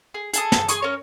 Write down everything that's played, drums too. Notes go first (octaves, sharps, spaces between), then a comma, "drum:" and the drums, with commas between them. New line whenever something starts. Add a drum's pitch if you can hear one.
G#4
G#4 A4 D#6, drum: hi-hat
drum: snare
G#4 G#5 C#6 D#6, drum: hi-hat
C#4 A#4 C#5